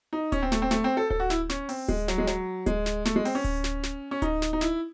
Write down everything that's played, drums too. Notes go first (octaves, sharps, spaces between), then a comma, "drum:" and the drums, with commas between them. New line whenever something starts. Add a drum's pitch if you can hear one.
D#4
C#4, drum: kick D1, hi-hat
C4
A3, drum: snare
C4
A3, drum: snare
C4
A4
A4, drum: kick D1
F#4
E4, drum: snare
C#4, drum: snare
C4, drum: open hi-hat
G#3, drum: kick D1, hi-hat
F#3, drum: snare
G#3
F#3, drum: snare
G#3, drum: kick D1, hi-hat
drum: snare
A3, drum: snare
G#3
C4, drum: open hi-hat
C#4
drum: kick D1, hi-hat
drum: snare
drum: snare
C#4
D#4, drum: kick D1, hi-hat
drum: snare
D#4
E4, drum: snare